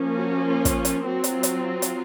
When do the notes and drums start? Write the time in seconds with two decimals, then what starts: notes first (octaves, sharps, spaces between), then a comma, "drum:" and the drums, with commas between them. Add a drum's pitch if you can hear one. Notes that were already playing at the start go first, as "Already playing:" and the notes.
Already playing: F3 A#3 C#4
0.17 F#4
0.45 F4
0.65 drum: kick, hi-hat
0.85 drum: hi-hat
1.04 F#3 C4 F#4
1.24 drum: hi-hat
1.34 F4
1.43 drum: hi-hat
1.82 drum: hi-hat